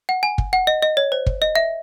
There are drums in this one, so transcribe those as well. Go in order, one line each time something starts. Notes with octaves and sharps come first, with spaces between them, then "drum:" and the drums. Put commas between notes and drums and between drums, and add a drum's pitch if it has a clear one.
F#5
G#5
drum: kick
F#5
D#5
D#5
C#5
C5
drum: kick
D#5
E5